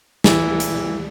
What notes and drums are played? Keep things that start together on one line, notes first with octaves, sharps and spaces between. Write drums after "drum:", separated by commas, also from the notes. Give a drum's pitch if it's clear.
E3, drum: snare
drum: hi-hat